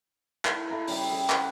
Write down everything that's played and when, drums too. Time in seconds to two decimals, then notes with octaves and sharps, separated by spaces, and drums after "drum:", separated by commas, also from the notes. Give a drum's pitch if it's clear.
0.45 E4, drum: clap
0.70 E4 A4 A#5
0.88 C#3 G3 E5, drum: open hi-hat
1.09 G4 G#4
1.30 B4 F#5, drum: clap